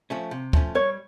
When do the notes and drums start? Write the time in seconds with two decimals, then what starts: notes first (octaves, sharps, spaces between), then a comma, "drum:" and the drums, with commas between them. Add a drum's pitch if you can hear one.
0.10 F3 A3 C#4
0.31 C3
0.53 F3 A3 C#4, drum: kick
0.75 G3 C#5